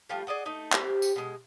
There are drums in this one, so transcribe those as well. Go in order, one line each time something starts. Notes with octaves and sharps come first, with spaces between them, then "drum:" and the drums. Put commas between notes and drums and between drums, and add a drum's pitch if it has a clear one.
F3 G3 A3 F4
G#4 D5 D#5 F#5
A3 D#4
G4 C5, drum: clap
drum: tambourine
B2 G#3